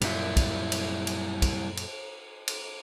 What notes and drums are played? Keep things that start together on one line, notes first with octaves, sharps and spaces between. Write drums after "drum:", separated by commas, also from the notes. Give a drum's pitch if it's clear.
F#2 A#2 G3 E4, drum: cymbal
drum: kick, cymbal
drum: cymbal
drum: cymbal
drum: kick, cymbal
drum: cymbal
drum: cymbal